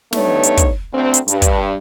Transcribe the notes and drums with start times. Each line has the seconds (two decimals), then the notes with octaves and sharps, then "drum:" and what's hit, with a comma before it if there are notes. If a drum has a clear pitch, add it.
0.12 G2 A3 B3 D#4 C#5, drum: snare
0.43 drum: hi-hat
0.57 drum: kick, hi-hat
0.92 D2 C4
1.14 drum: hi-hat
1.28 G2, drum: hi-hat
1.42 drum: kick, hi-hat